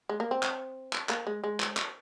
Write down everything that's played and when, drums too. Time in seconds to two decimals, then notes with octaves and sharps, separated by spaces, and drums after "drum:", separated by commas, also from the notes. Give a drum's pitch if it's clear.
0.09 G#3
0.20 A#3
0.31 C4
0.43 drum: clap
0.93 drum: clap
1.09 A#3, drum: clap
1.27 G#3
1.44 G#3
1.60 drum: clap
1.77 drum: clap